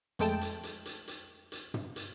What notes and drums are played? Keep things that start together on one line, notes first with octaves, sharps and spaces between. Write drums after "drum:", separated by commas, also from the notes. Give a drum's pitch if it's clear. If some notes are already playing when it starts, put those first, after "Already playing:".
F2 G#3 A3 G5 A5, drum: hi-hat
drum: hi-hat
drum: hi-hat
drum: hi-hat
drum: hi-hat
drum: hi-hat
drum: tom
drum: hi-hat